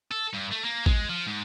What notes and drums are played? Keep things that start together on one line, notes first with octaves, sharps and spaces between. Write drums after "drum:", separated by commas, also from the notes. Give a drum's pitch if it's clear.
A4
G2
A3
A#3
G#3, drum: kick
F3
G#2